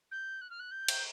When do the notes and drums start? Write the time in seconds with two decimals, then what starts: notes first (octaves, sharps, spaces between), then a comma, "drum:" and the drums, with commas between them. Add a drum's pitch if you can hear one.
0.11 G6
0.41 F#6
0.50 F6
0.59 F#6
0.71 G6
0.88 drum: cymbal